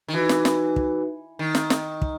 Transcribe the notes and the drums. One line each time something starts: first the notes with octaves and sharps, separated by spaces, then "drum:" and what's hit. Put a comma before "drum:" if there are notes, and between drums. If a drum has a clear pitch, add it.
D#3
E3 D#4 F#4 B4
drum: snare
drum: snare
drum: kick
D#3
drum: snare
drum: snare
drum: kick